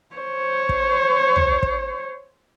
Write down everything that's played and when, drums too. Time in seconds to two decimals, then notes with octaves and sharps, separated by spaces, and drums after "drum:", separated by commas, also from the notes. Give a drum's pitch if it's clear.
0.16 C5 C#5
0.69 drum: kick
1.36 drum: tom
1.63 drum: kick